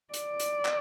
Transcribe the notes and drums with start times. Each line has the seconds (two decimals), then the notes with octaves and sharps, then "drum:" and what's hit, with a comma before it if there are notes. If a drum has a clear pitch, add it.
0.14 D5, drum: hi-hat
0.40 drum: hi-hat
0.65 drum: clap